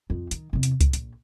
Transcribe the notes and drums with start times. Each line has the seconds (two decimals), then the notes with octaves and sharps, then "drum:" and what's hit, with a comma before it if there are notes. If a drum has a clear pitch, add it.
0.10 F2
0.31 D#3, drum: hi-hat
0.53 E2 C3
0.63 drum: hi-hat
0.81 A2, drum: kick C#2, hi-hat
0.93 A#1, drum: hi-hat